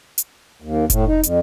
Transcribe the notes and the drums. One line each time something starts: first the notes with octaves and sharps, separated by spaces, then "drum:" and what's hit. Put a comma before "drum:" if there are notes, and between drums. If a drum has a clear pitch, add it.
drum: hi-hat
D#2
A2, drum: kick F1, hi-hat
D#4
F2, drum: hi-hat